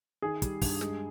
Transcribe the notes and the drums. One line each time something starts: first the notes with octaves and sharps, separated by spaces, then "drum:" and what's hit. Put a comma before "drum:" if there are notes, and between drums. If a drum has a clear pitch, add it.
D#3 G#4
G3, drum: kick, hi-hat
G2, drum: kick, open hi-hat
G#3, drum: snare